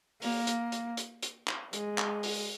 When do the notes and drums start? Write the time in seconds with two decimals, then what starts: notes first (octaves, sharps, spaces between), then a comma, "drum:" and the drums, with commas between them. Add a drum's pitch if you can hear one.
0.22 A#3, drum: open hi-hat
0.47 drum: hi-hat
0.72 drum: hi-hat
0.97 drum: hi-hat
1.23 drum: hi-hat
1.48 drum: clap
1.73 G#3, drum: hi-hat
1.98 drum: clap
2.23 drum: open hi-hat